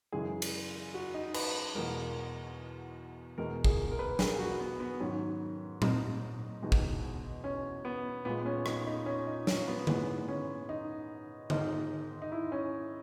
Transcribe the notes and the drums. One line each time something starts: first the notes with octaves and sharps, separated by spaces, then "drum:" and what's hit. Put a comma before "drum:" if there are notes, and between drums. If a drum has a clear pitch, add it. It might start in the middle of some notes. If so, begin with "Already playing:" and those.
F#2 C#3 E3 G#3 G#4
drum: cymbal
F#4
D#4
B4, drum: cymbal
E2 B2 G#3 A#4
E2 B2 G#3 A#4
G#4, drum: kick
A#4
B4
A#4
G#4, drum: snare
F#4
B3
B3
G#2 D#3 F#3 C#4
D#4, drum: tom
E2 B2 G#3 D#4
drum: kick
C#4
B3
A#2 G#3 B3
B3
C#4
D#4, drum: rim click
D#4
C#4
D#4
C#4, drum: snare
B3
G#2 E3 G#3 B3, drum: tom D3
C#4
D#4
G#2 D#3 G#3 D#4, drum: tom D3
D#4
E4
C#4